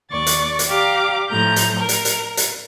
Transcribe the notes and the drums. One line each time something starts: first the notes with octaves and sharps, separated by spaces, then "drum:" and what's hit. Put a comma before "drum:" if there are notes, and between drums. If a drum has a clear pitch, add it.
D#2 D5 C#6 A6
drum: hi-hat
drum: hi-hat
G4 D5 F5 A#5 D6
A2 F3 A3 A#5 G6
drum: hi-hat
A#4
drum: hi-hat
drum: hi-hat
drum: hi-hat